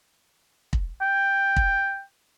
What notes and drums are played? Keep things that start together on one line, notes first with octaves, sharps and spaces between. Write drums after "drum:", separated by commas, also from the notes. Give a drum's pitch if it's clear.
drum: kick
G5
drum: kick